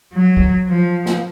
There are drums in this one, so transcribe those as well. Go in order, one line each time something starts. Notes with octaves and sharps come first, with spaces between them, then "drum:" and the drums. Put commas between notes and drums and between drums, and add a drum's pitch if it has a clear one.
F#3
drum: kick
F3
drum: snare